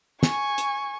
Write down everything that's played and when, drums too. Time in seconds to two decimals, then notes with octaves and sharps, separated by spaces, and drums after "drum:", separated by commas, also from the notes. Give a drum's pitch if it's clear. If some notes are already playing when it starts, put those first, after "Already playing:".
0.23 G#5 C#6, drum: snare
0.58 drum: hi-hat